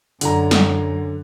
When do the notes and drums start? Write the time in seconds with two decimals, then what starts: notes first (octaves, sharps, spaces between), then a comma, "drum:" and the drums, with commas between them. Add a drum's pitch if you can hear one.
0.21 F#2 D3 A#5, drum: hi-hat
0.51 drum: snare